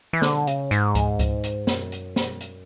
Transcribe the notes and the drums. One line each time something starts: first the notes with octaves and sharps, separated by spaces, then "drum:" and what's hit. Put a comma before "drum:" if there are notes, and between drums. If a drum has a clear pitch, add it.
E3
D3, drum: snare
C#3, drum: hi-hat
G#2, drum: hi-hat
drum: kick C#2, hi-hat
drum: kick C#2, hi-hat
drum: hi-hat
F#2, drum: snare
drum: hi-hat
drum: snare
drum: hi-hat